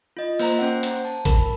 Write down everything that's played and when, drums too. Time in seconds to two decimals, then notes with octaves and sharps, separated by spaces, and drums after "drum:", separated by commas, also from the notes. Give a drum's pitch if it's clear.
0.17 F4 D#5
0.39 A#3 C5 A#5, drum: open hi-hat
0.59 C#4 C5 F#5
0.83 drum: hi-hat
1.05 A5
1.25 A#4 B5, drum: kick A1, hi-hat